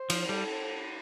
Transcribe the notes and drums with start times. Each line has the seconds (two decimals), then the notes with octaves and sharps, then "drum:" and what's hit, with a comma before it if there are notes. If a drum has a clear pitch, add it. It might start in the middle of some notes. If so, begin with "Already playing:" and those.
Already playing: C5
0.10 F3, drum: cymbal
0.29 G3 A4